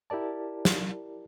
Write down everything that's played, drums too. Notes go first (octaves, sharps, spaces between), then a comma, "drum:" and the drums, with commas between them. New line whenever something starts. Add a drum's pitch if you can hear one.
E4 G4 A#4 D5 A5
drum: snare